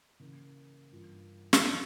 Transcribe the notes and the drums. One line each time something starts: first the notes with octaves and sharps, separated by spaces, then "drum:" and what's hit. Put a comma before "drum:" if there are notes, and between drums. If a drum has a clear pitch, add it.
C#3 E3 A#3
G2 E3 A#3 F4
drum: snare
F3 A#3 F4